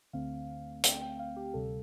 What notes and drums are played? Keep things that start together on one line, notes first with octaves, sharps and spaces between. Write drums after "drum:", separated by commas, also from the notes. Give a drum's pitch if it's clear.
D2 D3 A3 C4 F5
G5, drum: hi-hat
G5
F5
G4
D2 C3 G3 A4